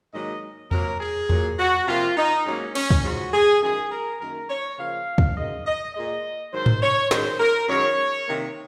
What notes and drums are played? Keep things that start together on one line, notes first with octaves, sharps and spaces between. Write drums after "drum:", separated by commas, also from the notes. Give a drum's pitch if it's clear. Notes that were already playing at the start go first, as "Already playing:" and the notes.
G#2 D#3 F#3 A#3 D#5
C3 F#3 A#3 A#4, drum: tom E2
G#4
A#2 F#3 A#3, drum: tom E2
F#4
C3 F3 A#3 F4
D#4
G#2 F#3 A#3 C#4
C#4, drum: cymbal
drum: kick
G#2 F3 G#3 F#4
G#4
F#2 D#3 G#3 G#4
A#4
F#2 D#3 A#3 A#4
C#5
C#3 F3 A#3 F5
drum: kick
F#2 D#3 G#3 D#5
D#5
A#2 G#3 D#5
G#2 D#3 F#3 C5
drum: tom G#2
C#5
F#2 D#3 G#3 C5, drum: snare
A#4
F#2 D#3 G#3 C#5
C3 D#3 A#3